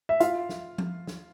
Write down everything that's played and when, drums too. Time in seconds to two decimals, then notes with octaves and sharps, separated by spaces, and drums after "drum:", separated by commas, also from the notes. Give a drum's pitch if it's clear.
0.09 E5
0.20 F4 F5, drum: hi-hat
0.49 drum: snare
0.78 drum: tom F3
1.07 drum: snare